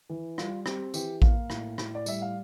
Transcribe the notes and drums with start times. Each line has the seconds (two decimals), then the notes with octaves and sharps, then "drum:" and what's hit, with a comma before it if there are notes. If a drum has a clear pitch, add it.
0.10 E3
0.38 G3 F4, drum: rim click
0.66 C4 G4, drum: rim click
0.94 E3 G4, drum: tambourine
1.22 A#3 F5, drum: kick A1
1.50 A2, drum: rim click
1.78 A2, drum: rim click
1.95 D5
2.06 G3 E5, drum: tambourine
2.22 F5